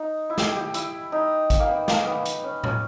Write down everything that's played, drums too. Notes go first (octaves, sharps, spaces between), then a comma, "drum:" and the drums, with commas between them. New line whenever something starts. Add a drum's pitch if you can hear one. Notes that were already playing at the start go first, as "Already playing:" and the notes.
Already playing: D#4
E4
G4, drum: snare
G4
E4, drum: hi-hat
D#4
drum: kick, hi-hat
A#3
B3
A#3, drum: snare
B3
drum: hi-hat
C#4
C#4, drum: tom A2